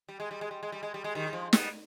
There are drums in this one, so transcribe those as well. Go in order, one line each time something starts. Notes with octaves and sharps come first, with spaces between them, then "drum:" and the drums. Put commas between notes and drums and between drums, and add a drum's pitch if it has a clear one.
G3
G#3
G3
G#3
G3
G#3
G3
G#3
G3
G#3
D#3 G3
G3
F3 G#3
G3 B3, drum: snare